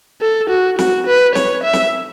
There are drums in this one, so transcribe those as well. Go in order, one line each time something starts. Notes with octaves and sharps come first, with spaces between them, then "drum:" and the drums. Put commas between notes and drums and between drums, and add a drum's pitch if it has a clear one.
A4
F#4
F#4, drum: snare
B4
C#5, drum: snare
E5
drum: snare